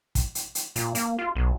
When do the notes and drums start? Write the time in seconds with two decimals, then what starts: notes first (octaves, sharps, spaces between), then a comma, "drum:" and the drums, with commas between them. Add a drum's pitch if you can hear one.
0.15 drum: kick, hi-hat
0.35 drum: hi-hat
0.55 drum: hi-hat
0.76 A#2, drum: hi-hat
0.95 A#3, drum: hi-hat
1.19 F4
1.35 B1